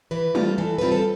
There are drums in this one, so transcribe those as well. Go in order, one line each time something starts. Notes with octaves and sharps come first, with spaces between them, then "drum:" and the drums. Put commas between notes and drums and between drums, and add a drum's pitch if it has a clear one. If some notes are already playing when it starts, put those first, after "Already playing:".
E3 B4
G3 C4 F4 A4, drum: tom G#3
E3 A4
G3 C4 F4 B4
A4